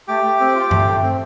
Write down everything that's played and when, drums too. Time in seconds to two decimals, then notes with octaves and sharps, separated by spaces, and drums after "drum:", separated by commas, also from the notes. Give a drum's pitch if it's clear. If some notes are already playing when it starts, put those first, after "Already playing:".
0.08 A3 G4 G5
0.24 A3
0.40 C4
0.55 F4
0.71 A3, drum: tom G2
0.87 A3
1.03 C4